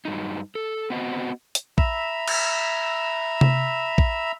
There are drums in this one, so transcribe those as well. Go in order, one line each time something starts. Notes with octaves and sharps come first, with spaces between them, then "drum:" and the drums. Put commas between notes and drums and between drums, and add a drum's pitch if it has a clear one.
G2 F#3 D#4
A4
B3 C4 F#4 D#5
drum: hi-hat
E5 A#5 B5 E6, drum: kick
drum: cymbal
drum: tom C3
drum: kick